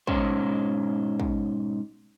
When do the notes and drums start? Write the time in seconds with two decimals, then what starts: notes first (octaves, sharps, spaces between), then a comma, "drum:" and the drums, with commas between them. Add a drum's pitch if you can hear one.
0.07 G#2 B2 C#4 C5, drum: kick
1.20 drum: kick